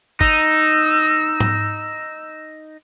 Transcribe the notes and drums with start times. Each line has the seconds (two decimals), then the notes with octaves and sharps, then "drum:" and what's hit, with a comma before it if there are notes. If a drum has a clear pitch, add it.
0.21 D#4 E6, drum: kick
1.40 drum: tom G#2